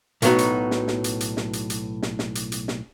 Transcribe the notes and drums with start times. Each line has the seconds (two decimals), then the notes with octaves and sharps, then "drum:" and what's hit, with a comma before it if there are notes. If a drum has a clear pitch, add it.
0.22 B1 A2 F#3 B3 D#4 F#4, drum: hi-hat
0.38 drum: hi-hat
0.71 drum: snare
0.88 drum: snare
1.04 drum: hi-hat
1.20 drum: hi-hat
1.37 drum: snare
1.53 drum: hi-hat
1.70 drum: hi-hat
2.03 drum: snare
2.19 drum: snare
2.35 drum: hi-hat
2.52 drum: hi-hat
2.68 drum: snare